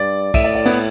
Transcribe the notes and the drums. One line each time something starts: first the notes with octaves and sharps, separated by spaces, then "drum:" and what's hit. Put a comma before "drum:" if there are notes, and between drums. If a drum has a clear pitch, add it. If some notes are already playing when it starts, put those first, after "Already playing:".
Already playing: G2 D5
A2 E5, drum: kick, cymbal
D5
D5
B3, drum: cymbal